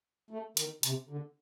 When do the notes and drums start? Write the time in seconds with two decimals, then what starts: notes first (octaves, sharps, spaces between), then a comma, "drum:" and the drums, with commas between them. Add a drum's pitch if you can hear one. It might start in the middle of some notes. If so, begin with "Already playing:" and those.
0.31 A3
0.57 D#3, drum: hi-hat
0.83 C3, drum: hi-hat
1.09 D3